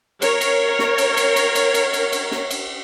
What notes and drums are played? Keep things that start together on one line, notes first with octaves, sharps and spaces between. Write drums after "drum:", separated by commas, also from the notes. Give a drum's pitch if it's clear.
A#4 C#5, drum: cymbal
drum: cymbal
drum: snare
drum: cymbal
drum: cymbal
drum: cymbal
drum: cymbal
drum: cymbal
drum: cymbal
drum: cymbal
drum: snare
drum: cymbal